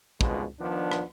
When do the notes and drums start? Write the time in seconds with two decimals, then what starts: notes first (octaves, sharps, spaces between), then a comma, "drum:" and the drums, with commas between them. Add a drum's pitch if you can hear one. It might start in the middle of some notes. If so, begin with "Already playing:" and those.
0.21 G#1 C#2 G2 B2 F3 G#3, drum: kick
0.60 D#3 F3 B3 D4
0.92 drum: rim click